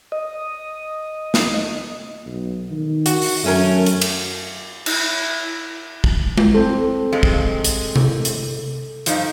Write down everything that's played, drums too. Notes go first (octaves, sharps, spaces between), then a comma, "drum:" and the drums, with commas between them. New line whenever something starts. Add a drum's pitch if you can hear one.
D#5
drum: snare
B1
D#3
F#4, drum: hi-hat
drum: open hi-hat
F#2 A3 C#4 A#4
drum: hi-hat
drum: cymbal
E4, drum: cymbal
drum: kick
drum: tom G#3
C4 A4
G2 G#3
drum: kick
drum: hi-hat
drum: tom C3
drum: hi-hat
G2 F3 D#4, drum: hi-hat